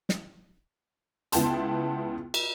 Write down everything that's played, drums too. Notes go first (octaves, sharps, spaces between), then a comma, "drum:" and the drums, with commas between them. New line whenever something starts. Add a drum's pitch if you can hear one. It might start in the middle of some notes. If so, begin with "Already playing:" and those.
drum: snare
C#2 B3 E4 G5 A5 C6, drum: hi-hat
drum: cymbal